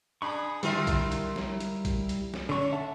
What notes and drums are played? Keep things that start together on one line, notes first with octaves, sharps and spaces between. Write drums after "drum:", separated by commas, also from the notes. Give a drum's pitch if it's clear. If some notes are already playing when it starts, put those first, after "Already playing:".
D4 G#4 B5 C#6
D3 G3 E4 F4 A#4 E5, drum: hi-hat
drum: kick B1, hi-hat
drum: hi-hat
drum: snare
drum: hi-hat
drum: kick B1, hi-hat
drum: hi-hat
drum: snare
D3 C#4 C#6
E5 F#5 A5